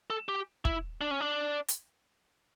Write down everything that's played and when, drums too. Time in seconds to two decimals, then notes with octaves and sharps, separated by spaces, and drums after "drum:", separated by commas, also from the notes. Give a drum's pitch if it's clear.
0.10 A4
0.29 G4
0.65 E4, drum: kick
1.01 D4
1.11 C#4
1.20 D4
1.68 drum: hi-hat